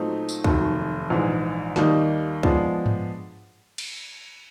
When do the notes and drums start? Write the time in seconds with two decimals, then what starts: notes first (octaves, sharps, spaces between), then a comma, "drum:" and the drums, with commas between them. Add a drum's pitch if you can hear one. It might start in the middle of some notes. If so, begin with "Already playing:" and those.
Already playing: A#2 F#3 A3 C4 D#4
0.29 drum: tambourine
0.44 F1 D#2 D#3 F#3, drum: kick C#2
1.10 A#1 G#2 E3 G#3
1.76 D#2 D#3 G3 A#3 D#4, drum: snare
2.43 F3 G#3 B3 D4, drum: kick C#2
2.86 drum: tom G2
3.78 drum: cymbal